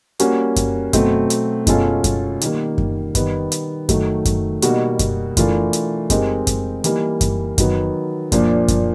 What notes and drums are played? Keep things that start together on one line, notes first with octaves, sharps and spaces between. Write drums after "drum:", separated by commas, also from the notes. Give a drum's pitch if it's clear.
G3 A#3 C#4 F#4, drum: hi-hat
drum: kick F#2, hi-hat
B2 F#3 A3 C4, drum: kick F#2, hi-hat
drum: hi-hat
B2 G#3 C#4 F4 A4, drum: kick F#2, hi-hat
drum: kick F#2, hi-hat
D#3 G3 A#3, drum: hi-hat
drum: kick F#2
D#3 G3 B3, drum: kick F#2, hi-hat
drum: hi-hat
D#3 F#3 A3, drum: kick F#2, hi-hat
drum: kick F#2, hi-hat
B2 G3 A#3 D#4 F#4, drum: hi-hat
drum: kick F#2, hi-hat
E3 A3 D4 F4 A#4, drum: kick F#2, hi-hat
drum: hi-hat
G#3 C4 D#4 G4 A#4, drum: kick F#2, hi-hat
drum: kick F#2, hi-hat
E3 G3 A#3 D#4, drum: hi-hat
drum: kick F#2, hi-hat
D#3 F#3 B3, drum: kick F#2, hi-hat
A#2 F3 A#3 D4, drum: kick F#2, hi-hat
drum: kick F#2, hi-hat